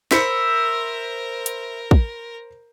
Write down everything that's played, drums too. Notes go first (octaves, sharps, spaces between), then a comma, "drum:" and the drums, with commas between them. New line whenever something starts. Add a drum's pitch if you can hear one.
A#4 C5 E5 B5 C#7, drum: snare
drum: hi-hat
drum: kick